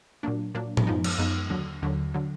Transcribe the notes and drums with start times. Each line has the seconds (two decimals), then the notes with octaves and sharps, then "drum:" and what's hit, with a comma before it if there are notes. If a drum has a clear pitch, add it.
0.23 A#2 F#3 A#3 D4
0.55 A#2 F#3 A#3 D4
0.77 drum: tom A2
0.87 F#2 F3 G#3 B3 D#4
1.04 drum: cymbal
1.18 F#2 F3 G#3 B3 D#4
1.50 D#2 D3 F#3
1.82 D#2 D3 F#3
2.14 D3 F#3